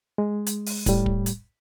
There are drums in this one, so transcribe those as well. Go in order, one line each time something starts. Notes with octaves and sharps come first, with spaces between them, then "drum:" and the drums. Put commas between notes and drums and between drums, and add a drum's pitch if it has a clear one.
G#3
drum: hi-hat
drum: open hi-hat
A2 G3, drum: kick, hi-hat
drum: kick
drum: hi-hat